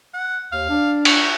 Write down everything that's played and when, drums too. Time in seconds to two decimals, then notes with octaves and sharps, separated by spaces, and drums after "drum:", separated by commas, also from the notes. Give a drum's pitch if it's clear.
0.14 F#5
0.52 D#2 F5
0.69 D4
1.05 C#6, drum: cymbal